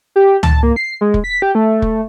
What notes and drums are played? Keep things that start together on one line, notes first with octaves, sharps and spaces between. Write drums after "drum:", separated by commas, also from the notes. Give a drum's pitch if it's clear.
G4
A5, drum: tom C#2
A#3
C7
G#3
drum: kick
B6
G4
A3
drum: kick